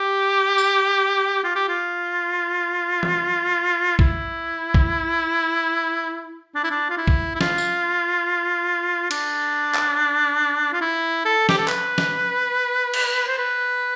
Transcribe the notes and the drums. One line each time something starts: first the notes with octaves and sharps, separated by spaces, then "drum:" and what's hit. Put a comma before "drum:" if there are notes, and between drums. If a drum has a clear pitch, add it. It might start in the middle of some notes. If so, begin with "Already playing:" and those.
Already playing: G4
drum: tambourine
F4
G4
F4
drum: tom E3
E4, drum: kick A#1
drum: kick A#1
D4
E4
D4
F4
E4
drum: kick A#1
E4
F4, drum: snare
drum: tambourine
D4, drum: cymbal
drum: clap
F4
E4
A4
G4, drum: snare
A4
B4, drum: clap
drum: snare
drum: cymbal
C5
B4